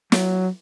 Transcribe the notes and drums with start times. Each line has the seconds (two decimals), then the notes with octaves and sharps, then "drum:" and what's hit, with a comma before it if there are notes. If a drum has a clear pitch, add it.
0.12 F#3, drum: snare